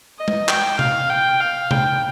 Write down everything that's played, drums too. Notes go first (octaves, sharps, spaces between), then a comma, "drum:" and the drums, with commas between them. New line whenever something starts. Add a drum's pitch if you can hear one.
D#5
drum: tom G#3
G5, drum: clap
F5, drum: tom C3
G5
F5
G5, drum: tom C3